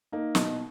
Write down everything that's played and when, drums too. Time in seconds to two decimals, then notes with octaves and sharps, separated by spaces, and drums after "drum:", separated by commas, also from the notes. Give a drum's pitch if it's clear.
0.12 A#3 D#4
0.35 B2 D#4, drum: snare